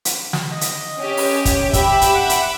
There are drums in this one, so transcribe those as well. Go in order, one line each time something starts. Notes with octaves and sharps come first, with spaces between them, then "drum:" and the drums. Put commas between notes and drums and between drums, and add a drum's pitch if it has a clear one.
drum: hi-hat
drum: snare
D#5
drum: hi-hat
C#4 G4
drum: open hi-hat
drum: kick, hi-hat
G4 E5 B5 D6 E6, drum: kick, hi-hat
drum: hi-hat
F#5
drum: hi-hat